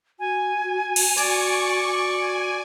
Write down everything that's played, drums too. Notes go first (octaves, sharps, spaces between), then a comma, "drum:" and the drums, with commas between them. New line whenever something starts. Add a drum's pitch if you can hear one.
F#4 G#5
drum: cymbal
F#4 D5 C#6, drum: tambourine
G#5